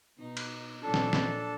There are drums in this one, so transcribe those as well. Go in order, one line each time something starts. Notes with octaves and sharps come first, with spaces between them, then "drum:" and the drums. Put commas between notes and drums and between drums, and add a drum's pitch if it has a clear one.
B2 D#4
drum: cymbal
A#2 F3 F#3 D4 A4 A5
drum: snare
drum: snare